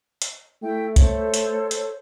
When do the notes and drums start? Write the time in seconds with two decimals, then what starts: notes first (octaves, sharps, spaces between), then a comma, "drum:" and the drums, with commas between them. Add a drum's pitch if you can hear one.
0.22 drum: hi-hat
0.63 A3 E4 G5
0.96 A4 C5 C#5, drum: kick C2, hi-hat
1.34 drum: hi-hat
1.71 drum: hi-hat